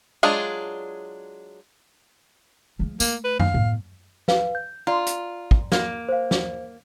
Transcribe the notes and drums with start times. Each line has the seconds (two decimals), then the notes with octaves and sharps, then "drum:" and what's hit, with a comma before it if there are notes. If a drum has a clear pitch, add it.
0.23 F#3 G#3 D4 F4 G#4
2.79 F3 G#3
3.00 A3 A#3, drum: tambourine
3.24 B4
3.40 F5, drum: tom F#2
3.54 A2 B3
4.28 B4 F5, drum: snare
4.55 G6
4.87 F4 D5 A#5
5.06 drum: hi-hat
5.51 drum: kick
5.72 A#3, drum: snare
6.09 C5 F5
6.31 drum: snare